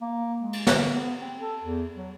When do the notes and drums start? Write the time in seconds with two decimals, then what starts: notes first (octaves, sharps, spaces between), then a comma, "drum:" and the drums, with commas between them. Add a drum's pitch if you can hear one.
0.01 A#3
0.41 G#3
0.53 drum: cymbal
0.67 D3, drum: snare
0.93 B3
1.20 C4
1.39 A4
1.63 E2
1.96 F#3